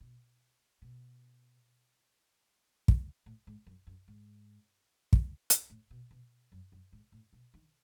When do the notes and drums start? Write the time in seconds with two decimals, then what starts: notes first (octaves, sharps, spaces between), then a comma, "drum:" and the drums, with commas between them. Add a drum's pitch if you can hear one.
0.01 B2
0.82 B2
2.88 drum: kick
3.26 A2
3.47 G#2
3.67 F#2
3.87 F#2
4.08 G#2
5.13 drum: kick
5.50 drum: hi-hat
5.70 A2
5.90 B2
6.11 B2
6.52 F#2
6.72 F#2
6.93 G#2
7.12 A2
7.33 B2
7.54 D#3